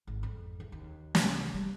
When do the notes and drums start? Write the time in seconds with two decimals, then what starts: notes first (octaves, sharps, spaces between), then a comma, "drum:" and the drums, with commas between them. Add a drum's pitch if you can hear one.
0.07 G#1
0.23 F2
0.60 E2
0.72 D#2
1.15 C2, drum: snare
1.54 G3